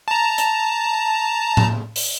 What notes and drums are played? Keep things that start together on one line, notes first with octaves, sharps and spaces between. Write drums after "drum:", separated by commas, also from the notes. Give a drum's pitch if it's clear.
A5 A#5
drum: hi-hat
drum: tom A2
drum: open hi-hat